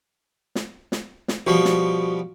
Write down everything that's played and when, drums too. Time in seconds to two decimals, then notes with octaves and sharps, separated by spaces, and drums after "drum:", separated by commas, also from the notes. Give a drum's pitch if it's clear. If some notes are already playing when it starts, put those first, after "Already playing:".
0.55 drum: snare
0.92 drum: snare
1.28 drum: snare
1.47 B2 F3 G3 F#4 C#6
1.65 drum: snare